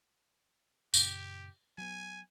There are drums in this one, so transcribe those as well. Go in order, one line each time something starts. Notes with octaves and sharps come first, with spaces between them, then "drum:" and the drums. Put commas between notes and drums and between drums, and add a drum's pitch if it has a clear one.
F#2 A#2 C#3 G4, drum: tambourine
F#3 B3 G#5